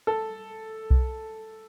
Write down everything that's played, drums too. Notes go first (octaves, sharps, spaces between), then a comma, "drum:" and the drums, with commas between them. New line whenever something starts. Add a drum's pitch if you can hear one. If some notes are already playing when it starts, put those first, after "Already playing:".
A4
drum: kick B1